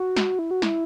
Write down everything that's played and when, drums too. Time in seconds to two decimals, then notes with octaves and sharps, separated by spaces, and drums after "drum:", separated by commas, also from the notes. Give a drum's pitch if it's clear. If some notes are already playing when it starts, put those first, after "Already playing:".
Already playing: F#4
0.16 drum: snare
0.39 E4
0.51 F#4
0.62 E4, drum: snare